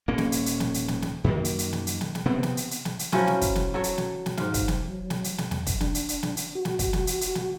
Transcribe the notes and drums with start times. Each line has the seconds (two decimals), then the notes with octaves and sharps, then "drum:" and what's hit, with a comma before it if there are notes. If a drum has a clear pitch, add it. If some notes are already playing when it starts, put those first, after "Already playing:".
0.08 D#1 A#3 C#4
0.18 drum: snare
0.32 drum: hi-hat
0.46 drum: hi-hat
0.60 drum: snare
0.74 drum: hi-hat
0.88 drum: snare
1.02 drum: snare
1.24 F#2 D#3 A#3
1.45 drum: hi-hat
1.59 drum: hi-hat
1.73 drum: snare
1.87 drum: hi-hat
2.01 drum: snare
2.15 drum: snare
2.26 C3 B3 C4
2.43 drum: snare
2.57 drum: hi-hat
2.71 drum: hi-hat
2.85 drum: snare
2.99 drum: hi-hat
3.12 F3 F#3 C#4 E4, drum: snare
3.27 drum: snare
3.41 drum: kick, hi-hat
3.55 drum: snare
3.74 F#3 A4 C#5
3.84 drum: hi-hat
3.98 drum: snare
4.26 drum: snare
4.37 G#2 F5, drum: snare
4.54 drum: kick, hi-hat
4.68 drum: snare
4.88 F#3
5.10 drum: snare
5.24 drum: hi-hat
5.38 drum: snare
5.51 E2, drum: snare
5.66 drum: kick, hi-hat
5.81 D4, drum: snare
5.95 drum: hi-hat
6.09 drum: hi-hat
6.23 drum: snare
6.37 drum: hi-hat
6.55 F#4
6.65 drum: snare
6.79 drum: kick, hi-hat
6.93 drum: snare
7.07 drum: hi-hat
7.21 drum: hi-hat
7.35 drum: snare